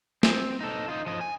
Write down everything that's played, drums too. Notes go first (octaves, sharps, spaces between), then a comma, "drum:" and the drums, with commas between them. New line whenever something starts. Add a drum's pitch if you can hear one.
C4, drum: snare
D#4 A4
D#4 F4
F3 D#5
G#5